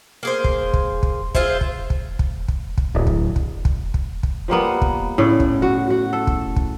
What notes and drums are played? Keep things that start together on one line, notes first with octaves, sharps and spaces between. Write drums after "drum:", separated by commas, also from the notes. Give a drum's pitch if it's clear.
A#3 G#4 C5
drum: kick
drum: kick
drum: kick
F4 G#4 C5 E5, drum: kick
drum: kick
drum: kick
drum: kick
drum: kick
drum: kick
D1
drum: kick
drum: kick
drum: kick
drum: kick
drum: kick
F3 G3 A#3 B3
drum: kick
A2 C#3 D5
drum: kick
F#4
F#4
A4
drum: kick
drum: kick